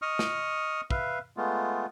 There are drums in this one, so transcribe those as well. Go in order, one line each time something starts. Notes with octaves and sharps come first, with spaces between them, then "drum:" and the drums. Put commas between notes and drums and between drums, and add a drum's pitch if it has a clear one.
D#5 C#6 D#6 F6
drum: snare
B4 E5 F5, drum: kick
G#3 A3 B3 F4